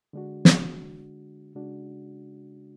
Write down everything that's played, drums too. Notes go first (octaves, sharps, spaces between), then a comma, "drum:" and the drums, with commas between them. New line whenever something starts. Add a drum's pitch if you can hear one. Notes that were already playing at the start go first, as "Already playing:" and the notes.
D3 G#3 D4 F#4
drum: snare
C#3 G#3 D4 F#4